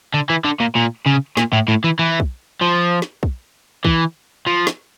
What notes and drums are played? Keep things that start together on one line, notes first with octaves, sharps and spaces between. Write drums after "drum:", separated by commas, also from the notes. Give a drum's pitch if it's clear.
D3
E3
D3
A#2
A#2
C#3
A#2, drum: snare
A2
A2
E3
E3
drum: kick
F3
drum: snare
drum: kick
E3, drum: kick
F3
drum: snare